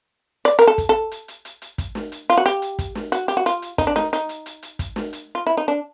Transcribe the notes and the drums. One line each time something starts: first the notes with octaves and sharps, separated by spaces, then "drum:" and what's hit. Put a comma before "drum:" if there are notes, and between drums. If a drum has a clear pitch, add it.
D5, drum: hi-hat
A#4, drum: hi-hat
A4
drum: kick, hi-hat
A4
drum: hi-hat
drum: hi-hat
drum: hi-hat
drum: hi-hat
drum: kick, hi-hat
drum: snare
drum: hi-hat
F4, drum: hi-hat
F#4
G4, drum: hi-hat
drum: hi-hat
drum: kick, hi-hat
drum: snare
F#4, drum: hi-hat
G4, drum: hi-hat
F#4
F4, drum: hi-hat
drum: hi-hat
D#4, drum: kick, hi-hat
D4
D#4, drum: snare
D#4, drum: hi-hat
drum: hi-hat
drum: hi-hat
drum: hi-hat
drum: kick, hi-hat
drum: snare
drum: hi-hat
F4
E4
D#4
D4